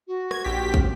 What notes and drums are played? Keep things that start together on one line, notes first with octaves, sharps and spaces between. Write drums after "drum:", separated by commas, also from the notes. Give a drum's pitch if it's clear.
F#4
G#6, drum: rim click
A#1 G4 B6
drum: kick